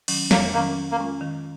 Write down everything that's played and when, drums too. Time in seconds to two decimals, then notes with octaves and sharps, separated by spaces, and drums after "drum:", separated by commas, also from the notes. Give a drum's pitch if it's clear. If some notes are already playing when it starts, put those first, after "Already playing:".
0.08 D#3 F#3 C#4, drum: cymbal
0.31 F2 A#3, drum: snare
0.54 D#3 F#3 A#3 C#4
0.76 D#3
0.92 A#3
0.98 G#3 C#4 F4
1.21 D#3